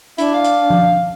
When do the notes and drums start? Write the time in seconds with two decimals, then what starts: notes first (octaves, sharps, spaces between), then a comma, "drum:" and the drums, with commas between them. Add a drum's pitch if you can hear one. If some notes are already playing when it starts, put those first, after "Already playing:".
0.18 D4 E4, drum: hi-hat
0.34 F5
0.44 drum: hi-hat
0.70 drum: tom F3